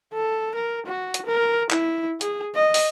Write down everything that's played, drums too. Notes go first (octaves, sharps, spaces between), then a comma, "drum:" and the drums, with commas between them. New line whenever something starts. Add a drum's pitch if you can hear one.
A4
A#4
F#4
drum: hi-hat
A#4
E4, drum: clap
G#4, drum: hi-hat
D#5
drum: open hi-hat